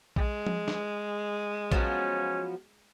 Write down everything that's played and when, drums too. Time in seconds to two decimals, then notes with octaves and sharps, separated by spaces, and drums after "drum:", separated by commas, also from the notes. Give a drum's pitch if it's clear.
0.16 G#3, drum: kick A#1
0.46 drum: tom F3
0.68 drum: snare
1.72 F3 F#3 B3 C#4, drum: kick A#1